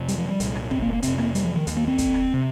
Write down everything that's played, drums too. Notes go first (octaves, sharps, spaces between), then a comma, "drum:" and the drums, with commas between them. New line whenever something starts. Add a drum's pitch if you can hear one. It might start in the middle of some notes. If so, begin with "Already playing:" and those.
Already playing: F2 C3
G3, drum: hi-hat
F3
G3
C2 A#2, drum: hi-hat
drum: rim click
C4, drum: kick
A#3
A#3
F2 C3 C4, drum: hi-hat
A#3, drum: rim click
G3, drum: hi-hat
F3
D#3
D#2, drum: hi-hat
A#3
C4
drum: kick, hi-hat
drum: rim click
C3